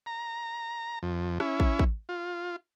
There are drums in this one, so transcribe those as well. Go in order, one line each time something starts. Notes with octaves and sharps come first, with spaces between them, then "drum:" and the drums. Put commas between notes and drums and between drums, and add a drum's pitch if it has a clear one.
A#5
F2
C#4 E4, drum: rim click
drum: kick
drum: kick
F4